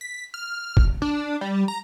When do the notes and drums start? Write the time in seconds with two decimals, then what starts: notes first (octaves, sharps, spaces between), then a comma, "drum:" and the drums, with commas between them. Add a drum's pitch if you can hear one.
0.01 B6
0.34 F6
0.77 drum: kick
1.02 D4
1.41 G3
1.68 A#5